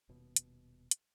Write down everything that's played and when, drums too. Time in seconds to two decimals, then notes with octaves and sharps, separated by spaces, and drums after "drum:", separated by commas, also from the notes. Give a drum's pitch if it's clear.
0.09 D#1 B2
0.36 drum: hi-hat
0.91 drum: hi-hat